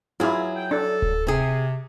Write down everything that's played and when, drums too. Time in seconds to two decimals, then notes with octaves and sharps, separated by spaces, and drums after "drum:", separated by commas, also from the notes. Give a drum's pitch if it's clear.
0.20 F#3 E4 F4 G#4
0.56 G5
0.71 D4 A4
1.02 drum: kick D1
1.27 C3 C4 G#4